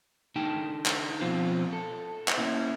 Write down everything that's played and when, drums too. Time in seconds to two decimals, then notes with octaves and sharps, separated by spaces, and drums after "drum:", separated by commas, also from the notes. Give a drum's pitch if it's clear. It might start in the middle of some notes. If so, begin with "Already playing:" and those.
0.36 D3 D#4 G5 A5
0.86 drum: clap
1.21 B2 F3 C4 F4
1.73 A4
2.28 drum: clap
2.38 A#3 C#4 E4